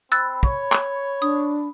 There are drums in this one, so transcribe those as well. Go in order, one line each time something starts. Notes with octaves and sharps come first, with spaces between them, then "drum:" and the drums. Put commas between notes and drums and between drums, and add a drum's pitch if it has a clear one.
C4 B5 E6 F#6 A6
C#5, drum: kick
drum: clap
D4 D#6